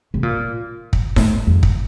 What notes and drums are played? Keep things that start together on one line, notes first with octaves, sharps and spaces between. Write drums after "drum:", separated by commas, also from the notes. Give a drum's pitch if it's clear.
C3
A#2
drum: kick
A2, drum: snare D#4
F2
drum: kick